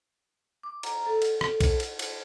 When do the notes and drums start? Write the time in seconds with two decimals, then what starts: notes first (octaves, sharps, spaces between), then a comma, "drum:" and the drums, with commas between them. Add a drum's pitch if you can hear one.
0.63 D6
0.83 A#5, drum: cymbal
1.06 A4
1.22 drum: cymbal
1.41 drum: rim click
1.60 drum: kick, cymbal
1.80 drum: cymbal
1.99 drum: cymbal